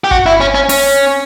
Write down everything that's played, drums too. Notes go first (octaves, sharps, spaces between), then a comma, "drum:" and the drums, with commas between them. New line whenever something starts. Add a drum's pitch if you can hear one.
G4
F#4, drum: kick G1
E4
C#4
C#4
C#4, drum: open hi-hat